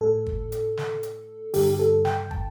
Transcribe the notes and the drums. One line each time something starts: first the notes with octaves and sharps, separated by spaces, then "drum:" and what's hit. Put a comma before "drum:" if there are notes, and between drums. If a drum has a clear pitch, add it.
A2 A4
drum: kick
drum: hi-hat
drum: snare
drum: hi-hat
G2 D3 G4, drum: open hi-hat
G4
A4
G5, drum: snare
A5, drum: kick